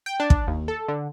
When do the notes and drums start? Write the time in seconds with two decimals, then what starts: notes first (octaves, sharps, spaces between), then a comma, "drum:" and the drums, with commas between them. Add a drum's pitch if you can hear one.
0.06 G5
0.20 D4
0.30 drum: kick
0.47 D#2
0.68 A4
0.88 D3